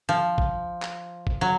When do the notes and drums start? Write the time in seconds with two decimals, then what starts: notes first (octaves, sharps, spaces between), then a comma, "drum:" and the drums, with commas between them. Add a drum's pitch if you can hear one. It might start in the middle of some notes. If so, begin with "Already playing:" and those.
0.09 F3
0.38 drum: kick A1
0.82 drum: clap
1.27 drum: kick A1
1.41 F#3